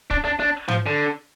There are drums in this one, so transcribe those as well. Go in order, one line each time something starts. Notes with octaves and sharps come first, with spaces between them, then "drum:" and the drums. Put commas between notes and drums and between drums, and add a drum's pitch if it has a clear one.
D4, drum: kick
D4
D4
F3, drum: tom G#2
D3